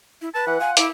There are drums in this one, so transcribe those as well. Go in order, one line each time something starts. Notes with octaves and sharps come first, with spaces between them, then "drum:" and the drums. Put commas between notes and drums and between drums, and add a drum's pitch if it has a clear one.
E4
B4 A5
E3 F#5
F4 G#5
E4 D6, drum: hi-hat